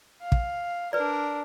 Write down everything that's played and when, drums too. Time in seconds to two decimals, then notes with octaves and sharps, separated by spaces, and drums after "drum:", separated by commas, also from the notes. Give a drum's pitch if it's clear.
0.22 F5
0.32 drum: kick
0.93 D4 A#4 B4 D5